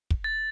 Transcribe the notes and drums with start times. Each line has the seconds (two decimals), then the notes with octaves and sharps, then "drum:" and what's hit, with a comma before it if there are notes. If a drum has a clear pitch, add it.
0.10 drum: kick
0.24 A6